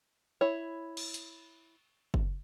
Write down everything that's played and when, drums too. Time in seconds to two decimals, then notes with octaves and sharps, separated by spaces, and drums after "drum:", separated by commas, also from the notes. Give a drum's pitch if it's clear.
0.41 E4 C#5
0.97 drum: cymbal
1.14 drum: hi-hat
2.14 drum: kick F#1